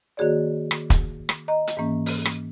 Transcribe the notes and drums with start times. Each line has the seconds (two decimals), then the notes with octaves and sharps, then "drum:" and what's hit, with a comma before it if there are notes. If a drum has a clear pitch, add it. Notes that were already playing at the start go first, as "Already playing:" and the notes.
0.17 D#3 A#3 F#4 G#4 C#5 D5
0.71 drum: rim click
0.90 drum: kick, hi-hat
1.29 drum: rim click
1.48 D#5 A#5
1.67 drum: hi-hat
1.77 G#2 E3 A#3 C#4
2.06 drum: open hi-hat
2.25 drum: rim click